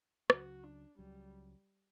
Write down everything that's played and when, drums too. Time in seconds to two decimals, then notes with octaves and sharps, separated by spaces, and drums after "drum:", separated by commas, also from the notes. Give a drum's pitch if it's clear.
0.30 C#2 C#3 F#3 F#4, drum: rim click
0.64 D4
0.98 C#2 C#3 F#3 G3